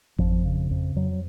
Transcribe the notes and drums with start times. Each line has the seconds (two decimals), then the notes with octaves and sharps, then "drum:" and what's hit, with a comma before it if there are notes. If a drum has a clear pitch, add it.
0.19 F2 F3, drum: kick G#1
0.45 C#3
0.71 F2
0.96 F2 F#3